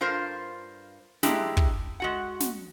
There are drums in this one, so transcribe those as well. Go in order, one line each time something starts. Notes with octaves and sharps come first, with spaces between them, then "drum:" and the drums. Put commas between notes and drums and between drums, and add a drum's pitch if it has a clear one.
G2 F4 A#4 C5
G#2 G#3 D4 E4 G4, drum: snare
drum: kick
G#3 F#4 F#5
drum: snare